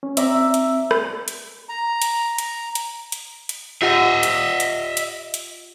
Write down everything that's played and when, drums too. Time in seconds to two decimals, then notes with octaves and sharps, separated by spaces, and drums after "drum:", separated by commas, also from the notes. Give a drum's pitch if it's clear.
0.03 C#4
0.17 C4 D5 E5 A#5, drum: hi-hat
0.54 drum: hi-hat
0.91 drum: rim click
1.28 drum: hi-hat
1.69 A#5
2.02 drum: hi-hat
2.38 drum: hi-hat
2.75 drum: hi-hat
3.12 drum: hi-hat
3.49 drum: hi-hat
3.82 F4 G4 D#5 E5 F#5
4.23 drum: hi-hat
4.60 drum: hi-hat
4.97 drum: hi-hat
5.34 drum: hi-hat